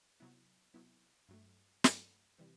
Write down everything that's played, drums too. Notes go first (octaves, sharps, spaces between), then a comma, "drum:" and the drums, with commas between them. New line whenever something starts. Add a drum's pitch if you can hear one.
C3 F#3 B3 E4
C3 F#3 B3 E4
G2 F#3 A3
G2 F#3 A3, drum: snare
C3 E3 G3